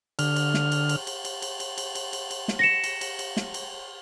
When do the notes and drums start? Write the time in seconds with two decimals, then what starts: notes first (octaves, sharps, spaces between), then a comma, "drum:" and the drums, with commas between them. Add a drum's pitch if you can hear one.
0.19 D3 F6, drum: cymbal
0.36 drum: cymbal
0.54 drum: snare
0.72 drum: cymbal
0.89 drum: cymbal
1.07 drum: cymbal
1.25 drum: cymbal
1.42 drum: cymbal
1.60 drum: cymbal
1.78 drum: cymbal
1.95 drum: cymbal
2.13 drum: cymbal
2.31 drum: cymbal
2.48 drum: snare
2.59 A#6 C#7 E7
2.84 drum: cymbal
3.01 drum: cymbal
3.19 drum: cymbal
3.37 drum: snare
3.54 drum: cymbal